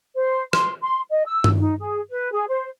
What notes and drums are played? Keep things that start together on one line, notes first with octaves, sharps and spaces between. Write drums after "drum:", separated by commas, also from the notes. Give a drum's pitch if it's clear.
C5
C6, drum: rim click
C6
D#5
E6
drum: tom G2
D#4
G#4
B4
G#4
C5